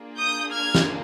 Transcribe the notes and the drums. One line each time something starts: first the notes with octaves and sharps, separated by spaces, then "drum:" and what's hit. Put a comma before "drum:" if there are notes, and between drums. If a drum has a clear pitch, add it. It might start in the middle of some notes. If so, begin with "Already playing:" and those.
Already playing: A#3 D4 F4 G#4
D#6 G6
F6 G#6
drum: snare